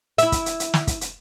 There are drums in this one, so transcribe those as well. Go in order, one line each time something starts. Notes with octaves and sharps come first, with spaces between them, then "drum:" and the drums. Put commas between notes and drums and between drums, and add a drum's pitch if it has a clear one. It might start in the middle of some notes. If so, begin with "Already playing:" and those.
E4 E5, drum: hi-hat
drum: kick, hi-hat
drum: hi-hat
drum: hi-hat
drum: snare
drum: kick, hi-hat
drum: hi-hat